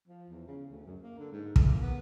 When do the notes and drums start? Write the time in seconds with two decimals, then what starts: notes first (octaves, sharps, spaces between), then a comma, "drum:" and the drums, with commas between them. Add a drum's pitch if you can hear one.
0.08 F3
0.30 E2
0.47 C#3
0.71 D2
0.85 F#2
1.01 A#3
1.19 D3
1.32 G#2
1.56 A2, drum: kick
1.68 A#3
1.82 B3